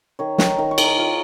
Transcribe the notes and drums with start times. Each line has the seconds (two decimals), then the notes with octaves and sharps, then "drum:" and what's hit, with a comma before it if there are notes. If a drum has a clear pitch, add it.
0.19 D#3 C#5
0.38 D#3 A#5, drum: snare
0.58 D#3 A#5
0.71 C#6
0.78 D#3, drum: cymbal
0.84 A#5
0.98 F4